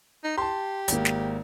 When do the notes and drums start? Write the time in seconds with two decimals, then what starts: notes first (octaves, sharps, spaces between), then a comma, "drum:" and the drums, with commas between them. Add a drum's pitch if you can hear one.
0.24 D#4
0.38 G4 A5 C6
0.88 G#1 A#3, drum: hi-hat
1.05 drum: snare